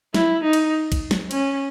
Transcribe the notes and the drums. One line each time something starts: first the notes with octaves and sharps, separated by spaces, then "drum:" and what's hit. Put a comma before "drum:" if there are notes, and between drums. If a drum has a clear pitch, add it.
E4, drum: snare
D#4
drum: cymbal
drum: kick, cymbal
drum: snare
C#4, drum: cymbal